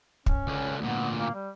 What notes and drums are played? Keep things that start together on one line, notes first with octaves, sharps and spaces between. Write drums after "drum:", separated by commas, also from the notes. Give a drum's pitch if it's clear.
C#4, drum: kick
C#2 D3
D2 A#2 B3
A#3
G3